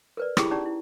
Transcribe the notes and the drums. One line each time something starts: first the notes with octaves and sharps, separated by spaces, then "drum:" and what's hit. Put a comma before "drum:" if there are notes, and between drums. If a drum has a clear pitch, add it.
A#4 B4 D5
E4 G4 G#4 G5 A#5, drum: rim click
C#4 D#4 G4 D5 A#5
E4